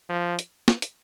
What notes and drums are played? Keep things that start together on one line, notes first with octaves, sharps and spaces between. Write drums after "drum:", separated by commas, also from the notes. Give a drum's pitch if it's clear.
F3
drum: hi-hat
drum: snare
drum: hi-hat